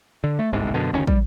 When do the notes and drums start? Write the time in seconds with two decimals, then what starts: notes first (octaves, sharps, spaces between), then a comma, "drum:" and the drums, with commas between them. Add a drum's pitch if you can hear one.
0.24 D3
0.39 A3
0.53 G1 C2 G#2 C3
0.74 F#2 B2 D3
0.93 F#1 D2 D#3 C#4
1.07 G3, drum: kick